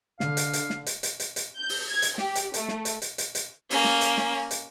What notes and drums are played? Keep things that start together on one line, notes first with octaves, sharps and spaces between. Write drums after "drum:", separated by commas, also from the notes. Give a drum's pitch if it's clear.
D3 F5, drum: snare
drum: hi-hat
drum: hi-hat
drum: snare
drum: hi-hat
drum: hi-hat
drum: hi-hat
drum: hi-hat
G6
drum: open hi-hat
G#6
drum: hi-hat
G4, drum: snare
drum: hi-hat
A3, drum: hi-hat
drum: snare
drum: hi-hat
drum: hi-hat
drum: hi-hat
drum: hi-hat
A#3 C#4, drum: open hi-hat
drum: snare
drum: hi-hat
drum: snare
drum: hi-hat